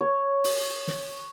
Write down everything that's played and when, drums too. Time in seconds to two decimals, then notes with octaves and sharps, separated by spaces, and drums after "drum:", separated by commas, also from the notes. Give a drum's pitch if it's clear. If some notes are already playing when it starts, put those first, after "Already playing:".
0.01 C#5
0.44 drum: open hi-hat
0.88 drum: snare